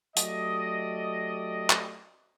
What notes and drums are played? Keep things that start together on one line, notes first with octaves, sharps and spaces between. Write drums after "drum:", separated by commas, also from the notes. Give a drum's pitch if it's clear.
F#3 A3 G4 D5 D#5, drum: hi-hat
drum: clap